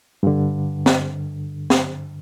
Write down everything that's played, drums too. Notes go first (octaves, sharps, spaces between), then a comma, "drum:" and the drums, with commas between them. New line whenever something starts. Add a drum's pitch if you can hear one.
G2 D3
drum: snare
drum: snare